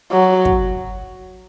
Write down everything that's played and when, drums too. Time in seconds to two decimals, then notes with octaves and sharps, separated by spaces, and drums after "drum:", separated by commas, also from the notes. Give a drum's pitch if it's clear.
0.12 F#3
0.45 drum: kick